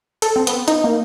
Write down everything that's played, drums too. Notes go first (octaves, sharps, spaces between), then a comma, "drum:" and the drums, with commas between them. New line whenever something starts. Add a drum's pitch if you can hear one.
A4, drum: hi-hat
C4
B3, drum: hi-hat
D#4, drum: hi-hat
A#3